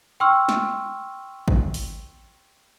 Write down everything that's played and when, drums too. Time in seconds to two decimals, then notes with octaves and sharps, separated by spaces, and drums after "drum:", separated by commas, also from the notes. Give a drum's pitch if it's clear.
0.20 G5 C6 C#6 E6 F6
0.49 drum: snare
1.48 drum: kick
1.74 drum: open hi-hat